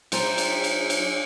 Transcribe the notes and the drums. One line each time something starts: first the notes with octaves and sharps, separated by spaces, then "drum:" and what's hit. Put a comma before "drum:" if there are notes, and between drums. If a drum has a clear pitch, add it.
F#3 F4 C5 E5 G5 A#5, drum: cymbal
drum: cymbal
drum: cymbal
drum: cymbal